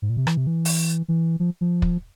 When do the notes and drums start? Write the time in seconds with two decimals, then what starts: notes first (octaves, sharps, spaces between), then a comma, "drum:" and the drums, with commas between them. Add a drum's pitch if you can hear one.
0.02 G#2
0.10 A#2
0.17 C3
0.27 E3, drum: rim click
0.37 C3
0.47 E3
0.65 drum: open hi-hat
1.08 E3
1.40 F3
1.61 F3
1.82 drum: kick